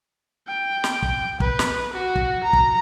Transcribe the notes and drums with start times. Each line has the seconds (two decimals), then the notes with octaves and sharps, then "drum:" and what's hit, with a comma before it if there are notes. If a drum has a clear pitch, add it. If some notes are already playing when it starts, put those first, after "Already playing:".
0.48 G5
0.84 drum: snare
1.02 drum: kick
1.40 B4, drum: kick
1.59 drum: snare
1.93 F#4
2.16 drum: kick
2.44 A#5
2.53 drum: kick